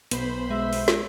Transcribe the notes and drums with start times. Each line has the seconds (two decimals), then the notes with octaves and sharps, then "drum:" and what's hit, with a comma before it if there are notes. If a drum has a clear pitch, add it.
0.11 B1 B3 C5 B5, drum: hi-hat
0.50 G#3 E5
0.73 drum: open hi-hat
0.88 drum: snare